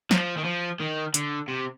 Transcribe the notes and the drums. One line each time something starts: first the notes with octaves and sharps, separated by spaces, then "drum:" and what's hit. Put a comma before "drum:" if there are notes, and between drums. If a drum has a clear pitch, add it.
F3, drum: snare
D#3
F3
D#3
D3, drum: hi-hat
C3